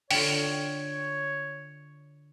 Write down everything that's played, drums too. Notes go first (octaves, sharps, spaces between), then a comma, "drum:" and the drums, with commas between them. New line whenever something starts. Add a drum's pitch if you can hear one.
D3 F4 C#5 G5, drum: open hi-hat